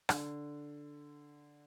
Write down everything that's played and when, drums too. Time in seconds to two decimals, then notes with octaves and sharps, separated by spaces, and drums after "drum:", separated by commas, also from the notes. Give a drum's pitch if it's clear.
0.09 D3, drum: rim click